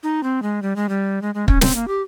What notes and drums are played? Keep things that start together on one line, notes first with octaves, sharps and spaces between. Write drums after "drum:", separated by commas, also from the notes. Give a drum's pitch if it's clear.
D#4
C4
G#3
G3
G#3
G3
G#3
G#3
C#4, drum: kick
C4, drum: snare
A#3
G4